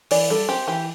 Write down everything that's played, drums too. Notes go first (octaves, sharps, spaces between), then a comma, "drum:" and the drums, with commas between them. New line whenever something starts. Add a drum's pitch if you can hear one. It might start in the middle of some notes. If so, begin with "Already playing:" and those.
E3 D5, drum: open hi-hat
G3 A4
C4 G4
E3 G4